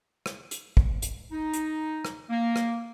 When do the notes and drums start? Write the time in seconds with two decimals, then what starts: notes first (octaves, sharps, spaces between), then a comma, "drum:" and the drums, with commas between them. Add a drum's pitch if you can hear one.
0.26 drum: rim click
0.51 drum: hi-hat
0.77 drum: kick
1.02 drum: hi-hat
1.32 D#4
1.53 drum: hi-hat
2.05 drum: rim click
2.30 A#3
2.56 drum: rim click